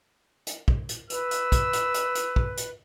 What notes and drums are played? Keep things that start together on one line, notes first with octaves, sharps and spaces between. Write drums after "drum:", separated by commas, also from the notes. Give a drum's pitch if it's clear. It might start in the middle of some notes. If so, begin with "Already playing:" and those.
drum: hi-hat
drum: kick
drum: hi-hat
B4 E6, drum: hi-hat
drum: hi-hat
drum: kick, hi-hat
drum: hi-hat
drum: hi-hat
drum: hi-hat
drum: kick
drum: hi-hat